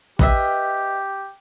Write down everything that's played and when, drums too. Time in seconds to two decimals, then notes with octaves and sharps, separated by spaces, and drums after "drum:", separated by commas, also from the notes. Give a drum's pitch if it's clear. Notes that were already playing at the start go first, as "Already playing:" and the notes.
0.19 G4 B4 D#5 E5, drum: kick